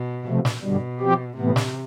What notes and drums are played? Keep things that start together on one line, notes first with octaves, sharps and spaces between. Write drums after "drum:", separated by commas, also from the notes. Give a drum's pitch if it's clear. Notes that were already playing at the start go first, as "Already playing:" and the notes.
Already playing: B2
C3 F3 A3
drum: snare
G2 B2 D3 G3
F3 C4 G4
A2 C3 E3 B3
drum: snare